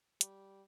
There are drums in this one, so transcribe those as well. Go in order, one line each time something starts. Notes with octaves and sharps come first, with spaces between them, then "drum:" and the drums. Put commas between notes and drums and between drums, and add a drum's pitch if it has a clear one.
G3, drum: hi-hat